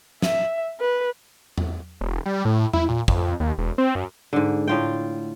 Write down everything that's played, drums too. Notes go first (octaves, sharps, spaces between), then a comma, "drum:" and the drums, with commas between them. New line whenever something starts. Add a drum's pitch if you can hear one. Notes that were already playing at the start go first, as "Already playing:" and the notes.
E5, drum: snare
B4
drum: tom E2
E1
G3
A2
E4, drum: tom E2
A#2
F2, drum: kick
D#2
E1
C4
F#2
G#2 D3
A2 F4 G5